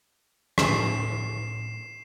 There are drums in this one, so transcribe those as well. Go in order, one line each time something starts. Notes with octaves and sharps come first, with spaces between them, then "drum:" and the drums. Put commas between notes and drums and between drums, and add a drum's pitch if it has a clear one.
A2 C7 E7, drum: rim click